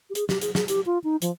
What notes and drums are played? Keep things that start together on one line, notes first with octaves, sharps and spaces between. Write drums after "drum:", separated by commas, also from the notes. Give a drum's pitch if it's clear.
G4
G#4, drum: hi-hat
G4, drum: snare
G#4, drum: hi-hat
G#4, drum: snare
G4, drum: hi-hat
F4
D#4
F3, drum: hi-hat